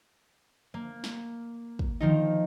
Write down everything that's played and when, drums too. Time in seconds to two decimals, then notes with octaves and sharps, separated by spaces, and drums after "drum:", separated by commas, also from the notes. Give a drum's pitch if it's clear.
0.74 A#3
1.04 drum: snare
1.79 drum: kick
2.01 D#3 F3 D#4